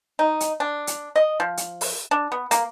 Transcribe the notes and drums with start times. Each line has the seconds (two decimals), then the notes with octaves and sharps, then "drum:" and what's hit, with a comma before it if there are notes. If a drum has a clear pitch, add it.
0.19 D#4
0.40 drum: hi-hat
0.60 D4
0.87 drum: hi-hat
1.16 D#5
1.40 F3
1.57 drum: hi-hat
1.81 drum: open hi-hat
2.11 D4
2.32 B3
2.51 A#3, drum: hi-hat